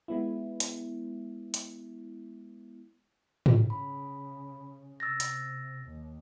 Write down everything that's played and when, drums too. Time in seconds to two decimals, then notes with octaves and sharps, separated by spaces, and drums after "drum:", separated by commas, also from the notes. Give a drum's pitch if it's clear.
0.08 G#3 B3 E4
0.60 drum: hi-hat
1.54 drum: hi-hat
3.46 drum: tom G#2
3.70 C#3 B5
5.00 C3 E6 A6 A#6
5.20 drum: hi-hat
5.86 D#2